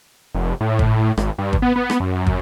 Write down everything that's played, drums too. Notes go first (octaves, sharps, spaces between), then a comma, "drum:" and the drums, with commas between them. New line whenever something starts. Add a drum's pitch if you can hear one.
F1
A2
drum: kick
G#1, drum: rim click
G2
drum: kick
B3
B3
drum: rim click
F#2
drum: kick